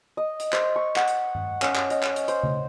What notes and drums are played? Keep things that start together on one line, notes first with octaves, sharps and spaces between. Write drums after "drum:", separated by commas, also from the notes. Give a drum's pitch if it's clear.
D#5
drum: hi-hat
C5, drum: clap
C#6
F#5, drum: clap
drum: hi-hat
drum: tom G2
C#4, drum: clap
drum: clap
D#5, drum: hi-hat
drum: clap
drum: hi-hat
C5, drum: hi-hat
drum: tom C#3